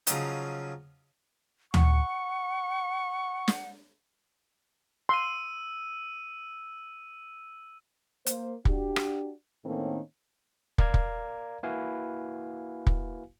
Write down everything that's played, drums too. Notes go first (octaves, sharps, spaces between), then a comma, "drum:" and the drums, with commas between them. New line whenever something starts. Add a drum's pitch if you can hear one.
C#3 F3 F#3 C#4 D#4, drum: hi-hat
F#5 C#6, drum: tom
drum: snare
C6 E6 D#7
A#3 C5, drum: hi-hat
D4 F#4 G4, drum: kick
drum: rim click
A2 D#3 A#3 C4 C#4 A4
A#4 D5 F5 A#5 G#6, drum: kick
drum: kick
A#3 E4 F#4 B4 F5 G#5
drum: kick